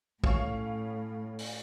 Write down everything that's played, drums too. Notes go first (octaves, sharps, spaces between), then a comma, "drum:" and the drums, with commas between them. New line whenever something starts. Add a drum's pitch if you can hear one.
A2 C#4 F5 C#6, drum: kick
drum: open hi-hat